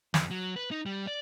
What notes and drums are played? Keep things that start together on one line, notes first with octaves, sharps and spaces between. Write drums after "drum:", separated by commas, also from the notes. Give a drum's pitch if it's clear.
F2, drum: snare
F#3
B4
D#4
G3
D5